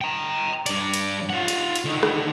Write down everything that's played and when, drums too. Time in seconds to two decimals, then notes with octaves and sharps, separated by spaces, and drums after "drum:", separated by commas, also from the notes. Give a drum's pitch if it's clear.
0.01 G5 A#5
0.66 G2 D5, drum: cymbal
0.94 drum: cymbal
1.30 F4 F#5
1.48 drum: cymbal
1.75 drum: cymbal
1.85 D3 D#3
2.03 drum: rim click